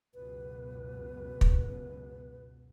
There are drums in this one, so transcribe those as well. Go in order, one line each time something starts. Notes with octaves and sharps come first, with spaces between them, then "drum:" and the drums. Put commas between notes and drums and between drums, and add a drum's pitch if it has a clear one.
C#2 F#2 B2 B4
drum: kick